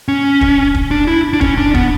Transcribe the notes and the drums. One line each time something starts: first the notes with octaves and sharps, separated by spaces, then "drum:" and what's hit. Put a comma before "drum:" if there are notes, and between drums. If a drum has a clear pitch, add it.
C#4
drum: kick
drum: kick
D4
E4
D4
C#4, drum: kick
D4
B3, drum: kick